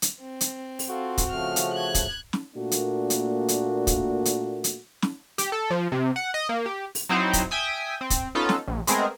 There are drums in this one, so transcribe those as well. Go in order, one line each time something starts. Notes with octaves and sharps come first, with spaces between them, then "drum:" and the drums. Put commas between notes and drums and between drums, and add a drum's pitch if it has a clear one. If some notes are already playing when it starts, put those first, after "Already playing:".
drum: hi-hat
C4
drum: hi-hat
drum: open hi-hat
F4 F#4 A4
drum: kick, hi-hat
C#3 F3 A3 F6
drum: hi-hat
F#6 G#6
drum: kick, hi-hat
drum: snare
A#2 A3 A#3 D4 F#4
drum: hi-hat
drum: hi-hat
drum: hi-hat
drum: kick, hi-hat
drum: hi-hat
drum: hi-hat
drum: snare
G4, drum: hi-hat
A4
F3
C3
F#5
D#5
A#3
G4
drum: open hi-hat
F#3 C4 D#4 E4 C5
drum: kick, hi-hat
E5 G5 G#5 D#6
C4
drum: kick, hi-hat
B3 C#4 D#4 F4 A4
drum: snare
A#1
G#3 A3 B3 C4 G#4 A#4, drum: hi-hat